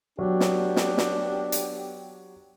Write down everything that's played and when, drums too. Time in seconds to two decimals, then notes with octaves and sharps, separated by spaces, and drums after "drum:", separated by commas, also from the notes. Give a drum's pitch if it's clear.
0.19 F#3 B3 D4 G4
0.40 drum: snare
0.76 drum: snare
0.98 drum: snare
1.52 drum: hi-hat